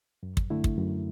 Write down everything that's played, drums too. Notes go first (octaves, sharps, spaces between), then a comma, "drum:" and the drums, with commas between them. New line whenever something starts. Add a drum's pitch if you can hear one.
F#2
drum: kick
D3 A3 E4
drum: kick
F#2